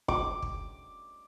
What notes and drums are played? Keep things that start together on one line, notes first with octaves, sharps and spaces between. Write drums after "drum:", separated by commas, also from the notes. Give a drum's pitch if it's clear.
D6, drum: kick
drum: kick